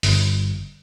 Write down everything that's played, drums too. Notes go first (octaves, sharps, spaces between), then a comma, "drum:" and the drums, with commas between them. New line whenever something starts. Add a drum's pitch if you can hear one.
G1, drum: open hi-hat